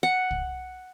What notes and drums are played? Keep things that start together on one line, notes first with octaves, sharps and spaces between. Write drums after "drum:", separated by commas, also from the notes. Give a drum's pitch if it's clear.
F#5
drum: kick